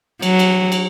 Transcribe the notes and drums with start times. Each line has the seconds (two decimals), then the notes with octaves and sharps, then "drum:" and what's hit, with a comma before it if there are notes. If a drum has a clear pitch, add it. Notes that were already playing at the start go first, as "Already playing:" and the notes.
0.22 F#3, drum: cymbal
0.39 drum: cymbal
0.72 drum: cymbal